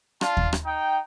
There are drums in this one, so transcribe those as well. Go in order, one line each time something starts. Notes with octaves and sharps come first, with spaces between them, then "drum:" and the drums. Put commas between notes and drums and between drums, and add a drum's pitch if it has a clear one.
D4 F4 A5, drum: rim click
drum: kick D#2
drum: rim click
D#4 G5